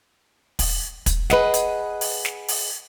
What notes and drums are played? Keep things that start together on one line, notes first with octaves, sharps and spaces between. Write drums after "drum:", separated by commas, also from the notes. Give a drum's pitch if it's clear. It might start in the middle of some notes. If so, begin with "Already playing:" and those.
drum: kick, open hi-hat
drum: kick, hi-hat
G#4 B4 D#5 F#5, drum: snare
drum: hi-hat
drum: open hi-hat
drum: snare
drum: open hi-hat